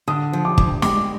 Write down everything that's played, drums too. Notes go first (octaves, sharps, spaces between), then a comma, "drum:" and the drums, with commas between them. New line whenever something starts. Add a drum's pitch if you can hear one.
D3 D#6
F3
D6
D2, drum: kick
G#3 D6, drum: snare